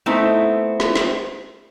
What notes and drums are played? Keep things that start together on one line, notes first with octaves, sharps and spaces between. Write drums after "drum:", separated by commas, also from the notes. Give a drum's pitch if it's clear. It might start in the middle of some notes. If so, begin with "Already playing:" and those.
A3 B3 C4 D#4 E4
drum: snare
drum: snare